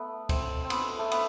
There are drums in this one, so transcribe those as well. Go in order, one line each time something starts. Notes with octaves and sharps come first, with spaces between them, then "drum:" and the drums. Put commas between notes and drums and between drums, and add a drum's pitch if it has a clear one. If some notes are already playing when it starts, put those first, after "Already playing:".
Already playing: A3 B3
C4, drum: kick C#2, cymbal
C4
B3, drum: cymbal
A3
B3, drum: cymbal